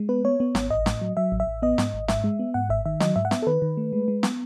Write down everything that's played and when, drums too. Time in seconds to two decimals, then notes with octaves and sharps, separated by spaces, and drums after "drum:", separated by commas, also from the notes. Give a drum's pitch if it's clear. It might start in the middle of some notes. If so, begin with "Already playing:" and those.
Already playing: G#3
0.09 B3 B4
0.25 B3 C#5
0.40 B3
0.55 G#1, drum: snare
0.70 A1 D#5
0.86 A2, drum: snare
1.01 F#3
1.17 F#3 E5
1.32 A1
1.40 E5
1.47 A1
1.62 B3 D#5
1.78 G#2, drum: snare
1.94 G#1
2.08 G#2 E5, drum: snare
2.24 G#3
2.39 B3
2.54 G#2 F#5
2.69 G#1 E5
2.86 D#3 E5
3.00 F#3 D#5, drum: snare
3.16 G#2 E5
3.25 F#5
3.31 B3 E5, drum: snare
3.42 A4
3.47 D#3 B4
3.62 D#3
3.77 A3
3.93 G#3
4.08 G#3
4.23 B3, drum: snare